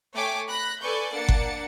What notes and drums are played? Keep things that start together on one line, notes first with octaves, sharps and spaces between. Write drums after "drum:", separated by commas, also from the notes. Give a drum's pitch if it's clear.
A3 C#5 G5 G#5 D6 B6
B5 F#6 A#6 B6
A4 B4 D5 G#5 C#6 G6
A#3 D4 F#5 A6 C#7
drum: kick G1